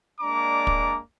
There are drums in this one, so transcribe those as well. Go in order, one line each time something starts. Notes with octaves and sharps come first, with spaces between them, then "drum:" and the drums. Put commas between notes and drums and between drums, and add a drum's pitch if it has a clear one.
G#3 A#3 D4 D5 A#5 D6
drum: kick